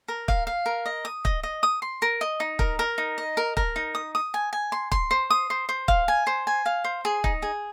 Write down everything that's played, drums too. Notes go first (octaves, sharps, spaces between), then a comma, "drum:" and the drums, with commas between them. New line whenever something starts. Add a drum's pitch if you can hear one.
A#4
F5, drum: kick
F5
A#4
D#5
D#6
D#5, drum: kick
D#5
D#6
C6
A#4
D#5
D#4
A#4, drum: kick
A#4
D#4
D#5
A#4
A#4, drum: kick
D#4
D#6
D#6
G#5
G#5
C6
C6, drum: kick
C5
D#6
C5
C5
F5, drum: kick
G#5
C5
G#5
F5
C5
G#4
D#4, drum: kick
G#4